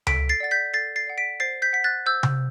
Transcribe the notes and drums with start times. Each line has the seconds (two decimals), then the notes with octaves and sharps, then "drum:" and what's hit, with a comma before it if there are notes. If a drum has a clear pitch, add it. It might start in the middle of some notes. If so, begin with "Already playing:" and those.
0.07 A4 B6 D7, drum: tom C#2
0.29 A6 C7
0.40 D5 F#5 A6
0.51 G6 B6
0.74 A4 A6 C7
0.96 A6 C7
1.07 D5 F#5
1.18 B6 D7
1.40 C5 A6 C7
1.62 G6 B6
1.73 F#5 B6
1.84 F#6 A6
2.06 C5 E6 G6
2.23 drum: tom C3